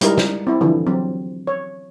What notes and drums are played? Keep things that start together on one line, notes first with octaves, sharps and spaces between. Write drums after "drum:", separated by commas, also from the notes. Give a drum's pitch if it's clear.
G3 G#3 D#4 E4 A#4, drum: hi-hat
drum: snare
C4 E4
D3 E3 F3
F#3 C4
C#5